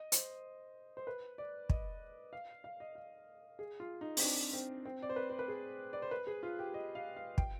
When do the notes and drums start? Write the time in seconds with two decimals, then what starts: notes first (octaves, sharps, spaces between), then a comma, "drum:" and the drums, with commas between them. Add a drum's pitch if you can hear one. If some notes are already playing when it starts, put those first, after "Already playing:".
Already playing: D#5
0.12 C5, drum: hi-hat
0.97 C5
1.07 B4
1.38 D5
1.69 D#5, drum: kick
2.33 F5
2.64 F5
2.80 D#5
2.95 F5
3.59 G#4
3.80 F4
4.01 D#4
4.17 C4, drum: open hi-hat
4.22 D4
4.53 C4
4.85 C4
5.03 D5
5.09 C5
5.16 B4
5.30 C5
5.39 B4
5.48 G#4
5.93 D5
6.02 C5
6.11 B4
6.27 G#4
6.43 F4
6.59 G4
6.74 D#5
6.95 F5
7.17 F5
7.38 G5, drum: kick